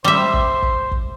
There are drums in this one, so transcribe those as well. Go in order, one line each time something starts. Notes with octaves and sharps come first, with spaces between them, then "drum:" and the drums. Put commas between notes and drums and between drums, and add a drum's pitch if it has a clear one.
G3 C5 E5
drum: kick
drum: kick
drum: kick